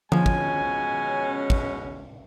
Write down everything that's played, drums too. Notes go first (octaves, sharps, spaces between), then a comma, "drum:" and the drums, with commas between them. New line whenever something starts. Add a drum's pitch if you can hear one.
B2 F3 G#3 C#4 G#5, drum: tom D3
drum: kick
drum: kick